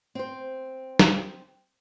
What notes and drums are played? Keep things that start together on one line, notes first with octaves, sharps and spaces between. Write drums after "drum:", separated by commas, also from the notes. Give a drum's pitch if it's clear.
C4 C5
drum: snare